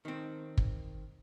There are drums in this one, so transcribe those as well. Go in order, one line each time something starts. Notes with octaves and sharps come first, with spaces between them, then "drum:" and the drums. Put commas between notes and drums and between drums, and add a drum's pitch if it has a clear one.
D#3 C4
drum: kick